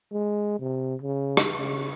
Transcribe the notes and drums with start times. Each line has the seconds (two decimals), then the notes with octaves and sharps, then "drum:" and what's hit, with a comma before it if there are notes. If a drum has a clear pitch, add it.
0.12 G#3
0.60 C3
1.02 C#3
1.37 drum: rim click
1.57 C#3